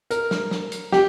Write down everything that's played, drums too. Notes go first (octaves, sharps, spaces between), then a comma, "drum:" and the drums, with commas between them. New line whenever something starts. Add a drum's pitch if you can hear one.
A#4, drum: hi-hat
drum: snare
drum: snare
drum: hi-hat
G4, drum: snare